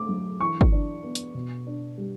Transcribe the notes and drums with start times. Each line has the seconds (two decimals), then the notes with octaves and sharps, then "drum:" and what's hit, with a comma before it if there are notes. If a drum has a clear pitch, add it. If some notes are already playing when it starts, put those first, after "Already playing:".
Already playing: A3 D6
0.09 F#3
0.40 E3 C#6
0.61 drum: kick
0.72 D4
1.04 B3
1.15 drum: hi-hat
1.35 B2
1.67 D4
1.98 G3